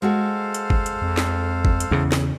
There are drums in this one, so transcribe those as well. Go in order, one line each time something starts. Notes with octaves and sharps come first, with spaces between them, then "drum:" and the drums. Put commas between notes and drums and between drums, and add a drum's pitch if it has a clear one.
G#3 F#4 G#4 A4 C5 F5
drum: hi-hat
drum: kick G#1
drum: hi-hat
F2
drum: snare
drum: kick G#1
drum: hi-hat
E2 C#3
drum: snare